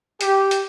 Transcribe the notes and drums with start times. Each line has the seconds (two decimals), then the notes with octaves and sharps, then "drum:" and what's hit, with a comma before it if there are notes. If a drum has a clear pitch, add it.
0.21 G4, drum: hi-hat
0.51 drum: hi-hat